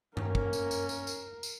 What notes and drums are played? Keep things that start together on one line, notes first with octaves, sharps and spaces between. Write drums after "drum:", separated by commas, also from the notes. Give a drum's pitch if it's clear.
A#3 C#4 A#4, drum: tom G2
drum: kick
drum: tambourine
drum: tambourine
drum: tambourine
drum: tambourine
drum: tambourine